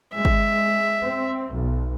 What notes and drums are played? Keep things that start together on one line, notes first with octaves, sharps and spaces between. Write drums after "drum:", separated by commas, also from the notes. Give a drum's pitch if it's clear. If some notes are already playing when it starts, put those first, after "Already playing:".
G#3 E5
drum: kick
C4
B1